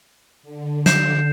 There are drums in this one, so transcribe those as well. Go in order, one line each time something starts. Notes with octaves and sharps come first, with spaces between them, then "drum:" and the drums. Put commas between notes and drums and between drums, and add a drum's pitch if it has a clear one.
D3
G6 C7 E7, drum: snare